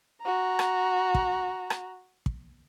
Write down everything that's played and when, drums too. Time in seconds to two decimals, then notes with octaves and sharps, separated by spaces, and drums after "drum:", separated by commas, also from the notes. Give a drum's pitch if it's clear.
0.22 F#4 A#5
0.59 drum: rim click
1.15 drum: kick
1.70 drum: rim click
2.26 drum: kick